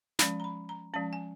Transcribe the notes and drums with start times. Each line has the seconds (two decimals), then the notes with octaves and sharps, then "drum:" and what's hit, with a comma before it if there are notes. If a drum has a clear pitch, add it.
0.19 F3 G#3 C#4 B5, drum: snare
0.40 A#5
0.44 B5
0.69 A#5
0.94 F3 G#3 C#4 A5
1.13 G#5